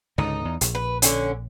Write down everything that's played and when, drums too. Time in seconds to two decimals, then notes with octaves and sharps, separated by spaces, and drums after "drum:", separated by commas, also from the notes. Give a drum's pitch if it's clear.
0.18 C#2 G#2 D3 D#4
0.45 E2
0.61 A#1, drum: hi-hat
0.75 B4
1.02 D3 C#4, drum: hi-hat